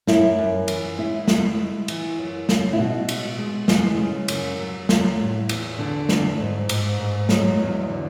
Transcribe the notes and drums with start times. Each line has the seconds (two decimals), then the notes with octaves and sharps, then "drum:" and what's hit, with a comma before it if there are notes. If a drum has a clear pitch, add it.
0.07 F#2 E4, drum: snare
0.38 F#2
0.68 E3, drum: cymbal
0.97 G#3 E4
1.28 G#3, drum: snare
1.58 G#3
1.88 E3, drum: cymbal
2.18 F#2
2.49 C#3, drum: snare
2.73 E4
2.78 B2 F#4
3.09 G#3, drum: cymbal
3.38 G#3
3.68 E3 G#3, drum: snare
3.98 C#3
4.28 F#2, drum: cymbal
4.59 F#3
4.89 F#3, drum: snare
5.20 A2
5.49 E2, drum: cymbal
5.79 D3
6.09 E2, drum: snare
6.40 G#2
6.69 G#2, drum: cymbal
7.00 G#2
7.29 F#3 G#3, drum: snare
7.59 E2
7.89 D3